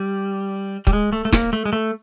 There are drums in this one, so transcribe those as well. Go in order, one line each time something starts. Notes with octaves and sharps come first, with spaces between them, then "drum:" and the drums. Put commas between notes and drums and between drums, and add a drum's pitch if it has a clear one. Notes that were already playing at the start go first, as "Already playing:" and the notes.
Already playing: G3
G3, drum: kick
G#3
A3
A3
A#3, drum: snare
A3
G#3
A3